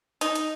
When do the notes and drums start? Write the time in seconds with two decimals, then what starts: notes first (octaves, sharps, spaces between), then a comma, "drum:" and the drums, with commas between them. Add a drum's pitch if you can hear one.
0.21 D#4, drum: hi-hat
0.35 drum: hi-hat